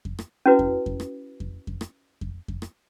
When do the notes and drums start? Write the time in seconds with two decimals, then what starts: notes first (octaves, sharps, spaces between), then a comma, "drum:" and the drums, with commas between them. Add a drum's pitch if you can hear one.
0.05 drum: kick F2
0.19 drum: rim click
0.46 C#4 E4 F#4 B4
0.59 drum: kick F2
0.86 drum: kick F2
1.00 drum: rim click
1.40 drum: kick F2
1.67 drum: kick F2
1.81 drum: rim click
2.21 drum: kick F2
2.48 drum: kick F2
2.62 drum: rim click